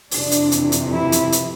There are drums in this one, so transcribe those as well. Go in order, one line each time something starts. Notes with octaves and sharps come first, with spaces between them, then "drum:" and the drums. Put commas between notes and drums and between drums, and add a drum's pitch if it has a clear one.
F2 C3 E3 D4, drum: open hi-hat
drum: hi-hat
drum: hi-hat
drum: hi-hat
E4
drum: hi-hat
drum: hi-hat